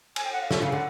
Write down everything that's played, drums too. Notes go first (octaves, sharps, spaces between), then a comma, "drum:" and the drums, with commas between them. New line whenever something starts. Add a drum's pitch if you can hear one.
G#5, drum: cymbal
G5
F#5
F5
D3 E5, drum: snare
C#3 F5
D3 F#5